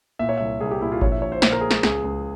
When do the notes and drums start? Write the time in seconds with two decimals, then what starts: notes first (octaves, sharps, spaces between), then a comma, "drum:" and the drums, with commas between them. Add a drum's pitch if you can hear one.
0.19 A#2 E5
0.29 C#5
0.37 C2 E5
0.61 C2 G#4
0.71 G4
0.81 A#2 E4
0.92 F4
1.01 A#1 C#5, drum: kick G#1
1.12 E5
1.22 A#1 C#5
1.32 C5
1.42 A#2 C5, drum: snare
1.52 A#4
1.61 G#3 G#4
1.71 A#4, drum: snare
1.83 C#2 G#4, drum: snare
2.04 C#2